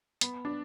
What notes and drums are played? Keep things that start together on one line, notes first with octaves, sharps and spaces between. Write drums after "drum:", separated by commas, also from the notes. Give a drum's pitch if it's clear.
B3, drum: hi-hat
D4